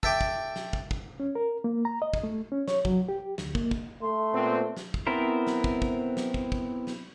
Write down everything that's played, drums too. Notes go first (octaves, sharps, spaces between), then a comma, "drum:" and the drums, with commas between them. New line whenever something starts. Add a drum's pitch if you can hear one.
A4 E5 G5 D6, drum: kick
drum: kick
drum: snare
drum: kick
drum: kick
C#4
A#4
A#3
A#5
D#5
drum: kick
A3
C#4
C#5, drum: snare
F#3, drum: kick
G4
D2, drum: snare
A#3, drum: kick
drum: kick
A3 C6
A#2 B3 C4
drum: snare
drum: kick
B3 C4 E4 A#4 C5
drum: snare
drum: kick
drum: kick
drum: snare
drum: kick
drum: kick
drum: snare